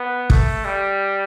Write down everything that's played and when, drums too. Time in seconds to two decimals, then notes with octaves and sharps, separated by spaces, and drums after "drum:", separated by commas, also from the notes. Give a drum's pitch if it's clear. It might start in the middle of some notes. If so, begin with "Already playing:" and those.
Already playing: B3
0.30 A3, drum: kick
0.65 G3